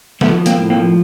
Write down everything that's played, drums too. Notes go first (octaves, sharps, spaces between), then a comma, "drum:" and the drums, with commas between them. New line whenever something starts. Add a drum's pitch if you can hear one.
F3 A3 B3, drum: snare
F3
A#3 C4, drum: hi-hat
A2
A#3 C4
F3